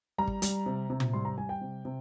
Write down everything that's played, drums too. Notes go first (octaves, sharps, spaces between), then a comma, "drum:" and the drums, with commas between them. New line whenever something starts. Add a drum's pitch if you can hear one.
G3 A#5
drum: kick
G3, drum: hi-hat
C3
C3
drum: tom
G3 C6
A#5
G3 G#5
G5
C3
C3